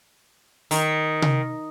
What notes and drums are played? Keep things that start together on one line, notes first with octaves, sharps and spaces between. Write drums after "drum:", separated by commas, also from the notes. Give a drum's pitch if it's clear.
D#3, drum: open hi-hat
drum: tom C3